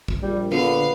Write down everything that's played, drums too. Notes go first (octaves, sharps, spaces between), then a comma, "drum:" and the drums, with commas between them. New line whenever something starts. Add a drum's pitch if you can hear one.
drum: kick
A#1 G3
D3 B3 F5